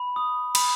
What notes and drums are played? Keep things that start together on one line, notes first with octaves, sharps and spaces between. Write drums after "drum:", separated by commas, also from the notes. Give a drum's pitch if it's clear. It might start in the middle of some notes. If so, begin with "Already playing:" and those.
Already playing: B5
D#6
B5, drum: cymbal